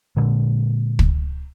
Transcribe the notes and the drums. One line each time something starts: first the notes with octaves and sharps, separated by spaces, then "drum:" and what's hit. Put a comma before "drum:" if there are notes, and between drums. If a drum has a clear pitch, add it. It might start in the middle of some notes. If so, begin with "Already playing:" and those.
A#2 D3 G#3
drum: kick